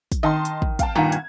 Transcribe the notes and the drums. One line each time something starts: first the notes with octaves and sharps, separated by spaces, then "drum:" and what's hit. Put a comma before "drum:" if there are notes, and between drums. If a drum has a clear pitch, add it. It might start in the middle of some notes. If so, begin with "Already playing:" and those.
drum: kick, hi-hat
D#3 D#5 A5 C6
drum: hi-hat
drum: kick
F5 G5 A5, drum: kick, hi-hat
G2 A#2 D#3 F#5 A#5
G#6, drum: hi-hat